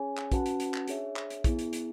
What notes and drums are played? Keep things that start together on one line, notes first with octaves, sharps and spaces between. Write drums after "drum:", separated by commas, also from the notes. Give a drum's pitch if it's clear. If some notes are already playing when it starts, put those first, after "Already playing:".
Already playing: C#4 G#4 C#5 G#5
drum: clap
C#4 F#4 B4 F#5 A5, drum: kick, hi-hat
drum: hi-hat
drum: hi-hat
drum: clap
D4 G#4 C#5 E5, drum: hi-hat
drum: clap
drum: hi-hat
B3 E4 G#4, drum: kick, hi-hat
drum: hi-hat
drum: hi-hat